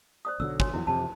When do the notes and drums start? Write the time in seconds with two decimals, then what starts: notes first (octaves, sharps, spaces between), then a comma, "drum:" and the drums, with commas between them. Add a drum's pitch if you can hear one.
0.25 C5 D5 D#6
0.40 B1 D3 F#3 E6
0.60 C#5 G#5 C6, drum: kick
0.74 E2 D#3 F#3 E4
0.87 F2 C3 A5